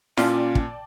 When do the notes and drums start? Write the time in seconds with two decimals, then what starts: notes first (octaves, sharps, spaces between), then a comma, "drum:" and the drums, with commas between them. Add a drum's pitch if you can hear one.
0.17 A#2 C#4 F4 D5 G5 A5, drum: snare E4
0.55 drum: kick